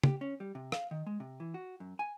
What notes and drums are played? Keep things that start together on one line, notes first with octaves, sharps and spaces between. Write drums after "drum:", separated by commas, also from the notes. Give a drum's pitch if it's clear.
G4, drum: tom
C#4
G3
C3
F5, drum: rim click
D#3
G#3
C3
E3
F#4
F#2
G#5